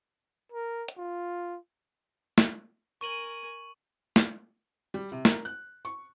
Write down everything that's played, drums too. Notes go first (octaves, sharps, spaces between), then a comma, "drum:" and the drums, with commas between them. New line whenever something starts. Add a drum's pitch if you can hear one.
A#4
drum: hi-hat
F4
drum: snare
A#4 G#5 C#6 D#7 F#7
drum: snare
G3
C3
A#4, drum: snare
F#6
C#6